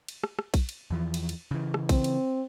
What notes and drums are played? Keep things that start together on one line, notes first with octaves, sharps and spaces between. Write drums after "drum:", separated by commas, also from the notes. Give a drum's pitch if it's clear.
drum: cymbal
drum: rim click
drum: rim click
drum: kick A#1, cymbal
drum: cymbal
E2 E3 F3
drum: cymbal
drum: cymbal
C#3 E3
drum: rim click
C4, drum: kick A#1, cymbal
drum: cymbal